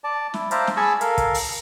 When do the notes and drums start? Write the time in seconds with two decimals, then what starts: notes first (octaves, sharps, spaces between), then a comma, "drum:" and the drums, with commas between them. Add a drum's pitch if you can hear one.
0.04 D5 A5
0.34 E4, drum: snare
0.51 C5 D5 E5 F5 A5 A#5, drum: hi-hat
0.67 drum: snare
0.77 G#4 G#5 A5 B5 C#6 E6
1.01 A4 A#4 F5, drum: hi-hat
1.18 drum: kick, hi-hat
1.34 drum: open hi-hat